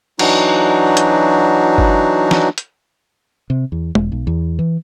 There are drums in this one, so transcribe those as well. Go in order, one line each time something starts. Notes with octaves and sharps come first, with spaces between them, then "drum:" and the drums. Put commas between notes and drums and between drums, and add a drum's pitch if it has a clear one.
E3 F#3 D4 D#4 F#4, drum: cymbal
drum: hi-hat
drum: kick G1
drum: snare
drum: hi-hat
C3
E2
E1, drum: tom G#3
B1
E2
E3